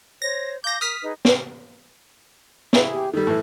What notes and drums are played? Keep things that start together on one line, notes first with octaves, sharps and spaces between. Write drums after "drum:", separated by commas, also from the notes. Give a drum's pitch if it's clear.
C5 C#5 A#6
F5 A5 D6 G6 A#6
A#4 D#6 F6 B6
D#4 G#4 B4
drum: snare
E4 G#4, drum: snare
G4
D#3 G3 A4
A2 E3